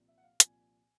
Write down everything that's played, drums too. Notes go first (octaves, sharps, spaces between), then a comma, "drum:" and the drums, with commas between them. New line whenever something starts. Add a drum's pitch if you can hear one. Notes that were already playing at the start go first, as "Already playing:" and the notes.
Already playing: C2 A#2 F3
E5
F#5
F5
C2 A#2 F3 G#5, drum: hi-hat